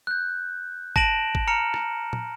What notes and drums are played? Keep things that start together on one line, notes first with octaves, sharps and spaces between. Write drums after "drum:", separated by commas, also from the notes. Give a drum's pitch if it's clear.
F#6 G6
A5 A#6 D7 E7 F#7, drum: kick
drum: kick
A#5 F6 C#7 E7
drum: rim click
drum: tom